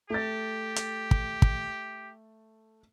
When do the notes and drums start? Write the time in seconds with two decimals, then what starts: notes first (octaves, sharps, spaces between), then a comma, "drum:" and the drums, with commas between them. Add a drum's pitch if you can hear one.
0.10 A3 G4 A6
0.76 drum: hi-hat
1.11 drum: kick
1.42 drum: kick